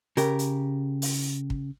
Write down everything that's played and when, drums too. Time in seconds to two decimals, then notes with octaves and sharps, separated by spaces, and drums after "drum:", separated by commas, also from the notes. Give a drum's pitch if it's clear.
0.17 C#3 G4 A#4, drum: hi-hat
0.39 drum: hi-hat
1.02 drum: open hi-hat
1.50 drum: kick